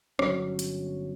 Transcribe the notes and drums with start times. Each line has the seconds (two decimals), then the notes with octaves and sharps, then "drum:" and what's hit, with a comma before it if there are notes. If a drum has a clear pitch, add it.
0.19 G1 F#3 C#4, drum: rim click
0.59 drum: hi-hat